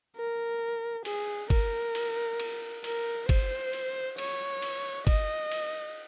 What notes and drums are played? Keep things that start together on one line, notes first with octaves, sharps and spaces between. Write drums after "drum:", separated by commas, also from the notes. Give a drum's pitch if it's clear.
A#4
G#4, drum: cymbal
A#4, drum: kick, cymbal
drum: cymbal
drum: cymbal
A#4, drum: cymbal
C5, drum: kick, cymbal
drum: cymbal
C#5, drum: cymbal
drum: cymbal
D#5, drum: kick, cymbal
drum: cymbal